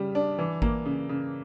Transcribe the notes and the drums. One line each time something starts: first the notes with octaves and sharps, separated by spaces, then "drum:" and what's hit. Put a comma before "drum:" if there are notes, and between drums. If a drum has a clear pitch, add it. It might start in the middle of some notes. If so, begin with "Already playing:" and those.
Already playing: C#3 G3
D4
E3
A#3, drum: kick G#1
C#3
C#3